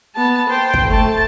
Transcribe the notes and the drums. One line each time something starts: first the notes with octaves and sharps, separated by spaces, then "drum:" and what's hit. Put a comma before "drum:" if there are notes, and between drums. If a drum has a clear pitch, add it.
B3 A5
C5 G5
drum: kick
A3 A5